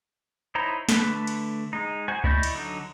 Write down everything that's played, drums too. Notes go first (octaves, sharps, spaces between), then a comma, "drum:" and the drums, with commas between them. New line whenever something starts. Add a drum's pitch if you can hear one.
D#4 E4 C5 C#5 A#5
D3 A3 B4, drum: snare
drum: cymbal
G#3 D#4
F#4 C5 G#5
E4 D5 D#5 C#6 G6, drum: kick C#2
drum: cymbal
D3 F#3 D#4